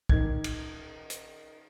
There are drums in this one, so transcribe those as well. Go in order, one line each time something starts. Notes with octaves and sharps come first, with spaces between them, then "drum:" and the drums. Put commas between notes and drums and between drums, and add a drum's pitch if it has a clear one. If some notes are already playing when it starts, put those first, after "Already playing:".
D#3 D#4 G#6, drum: kick
drum: cymbal
drum: hi-hat